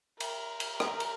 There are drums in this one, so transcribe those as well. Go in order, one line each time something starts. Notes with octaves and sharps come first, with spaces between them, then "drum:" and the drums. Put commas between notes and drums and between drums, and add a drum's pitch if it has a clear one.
A#4, drum: cymbal
drum: cymbal
drum: rim click
drum: cymbal